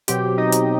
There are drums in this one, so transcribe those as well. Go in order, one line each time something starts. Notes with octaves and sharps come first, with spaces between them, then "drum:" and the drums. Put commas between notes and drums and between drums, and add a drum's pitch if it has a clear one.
B2 F#3 C4 G4, drum: hi-hat
D#4 D#5
drum: hi-hat